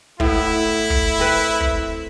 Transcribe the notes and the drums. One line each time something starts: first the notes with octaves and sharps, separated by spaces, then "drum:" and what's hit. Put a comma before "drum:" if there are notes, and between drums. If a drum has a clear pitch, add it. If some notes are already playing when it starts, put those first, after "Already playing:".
A2 B3 E4, drum: kick
drum: kick
C4 B4
drum: kick